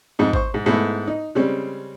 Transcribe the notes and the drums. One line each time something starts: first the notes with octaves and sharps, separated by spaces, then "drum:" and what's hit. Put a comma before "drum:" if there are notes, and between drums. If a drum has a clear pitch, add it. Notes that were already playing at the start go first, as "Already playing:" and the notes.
F2 G#2 D#4
C5 C#6, drum: kick G#1
G#2
G#2 A3 B3 E4
D#4
C#3 G3 G#3 C4 C#4